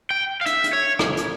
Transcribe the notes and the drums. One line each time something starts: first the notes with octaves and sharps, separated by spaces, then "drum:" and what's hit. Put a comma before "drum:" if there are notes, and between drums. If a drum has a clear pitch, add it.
G5
F5
E5, drum: hi-hat
drum: hi-hat
C#5
drum: rim click
drum: hi-hat